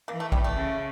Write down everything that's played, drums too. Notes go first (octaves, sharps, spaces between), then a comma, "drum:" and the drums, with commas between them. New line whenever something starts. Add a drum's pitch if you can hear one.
E3 A#3
A3
G3, drum: kick
A3
C#3